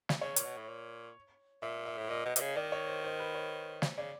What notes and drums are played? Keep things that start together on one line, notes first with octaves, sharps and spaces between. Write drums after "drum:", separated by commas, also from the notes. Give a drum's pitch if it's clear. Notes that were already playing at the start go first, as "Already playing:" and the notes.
drum: snare
C#3 C#5
A#2, drum: hi-hat
B2
A2
A#2
A#2 E5
E5
A2
A#2 D#5
B2
C3, drum: hi-hat
C#3
D#3 D5
C#5
C5
C5
B4
C#5
drum: snare
C#3 D5